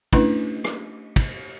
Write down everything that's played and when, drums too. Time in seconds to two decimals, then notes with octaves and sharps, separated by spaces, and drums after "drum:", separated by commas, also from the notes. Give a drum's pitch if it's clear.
0.13 A3 C#4 D4 E4 B4, drum: kick, cymbal
0.64 drum: rim click
1.16 drum: kick, cymbal